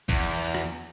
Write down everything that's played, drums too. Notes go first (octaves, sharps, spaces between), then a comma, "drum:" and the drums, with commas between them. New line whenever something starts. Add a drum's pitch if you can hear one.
E2, drum: kick A#1, cymbal
drum: rim click